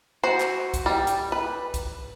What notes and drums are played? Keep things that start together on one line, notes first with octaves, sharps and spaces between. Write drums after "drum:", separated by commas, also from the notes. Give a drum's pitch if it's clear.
F#4 C5
drum: clap
drum: kick C2, hi-hat
G3
drum: hi-hat
B4
drum: kick C2, hi-hat